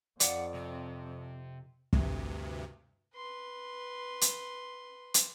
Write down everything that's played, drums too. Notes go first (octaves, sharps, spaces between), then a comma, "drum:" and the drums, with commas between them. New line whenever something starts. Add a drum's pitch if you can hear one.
F2 F4 D5 F#5, drum: hi-hat
C3 C4
D2 G2 C3, drum: kick
B4 C6
drum: hi-hat
drum: hi-hat